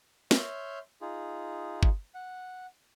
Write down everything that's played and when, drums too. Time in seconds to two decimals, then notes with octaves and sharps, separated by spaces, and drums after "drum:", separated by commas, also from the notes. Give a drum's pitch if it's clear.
0.31 C#5 E5 C6 F6 G6, drum: snare
1.01 D#4 F4 G#4
1.83 drum: kick G1
2.14 F#5